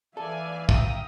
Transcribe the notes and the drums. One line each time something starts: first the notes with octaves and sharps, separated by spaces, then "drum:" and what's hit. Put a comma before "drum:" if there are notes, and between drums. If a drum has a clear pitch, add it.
E3 A4 D5 E5 F5 G#5
G5 A#5 D#6, drum: kick